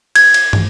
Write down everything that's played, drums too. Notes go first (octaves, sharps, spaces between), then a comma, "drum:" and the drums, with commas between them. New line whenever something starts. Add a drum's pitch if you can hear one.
G#6, drum: cymbal
drum: cymbal
drum: tom